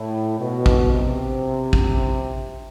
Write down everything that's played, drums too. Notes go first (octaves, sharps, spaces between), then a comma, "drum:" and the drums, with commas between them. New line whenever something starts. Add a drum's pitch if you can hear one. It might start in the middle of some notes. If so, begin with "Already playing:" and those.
Already playing: A2
B2
drum: kick A1
C3
drum: kick A1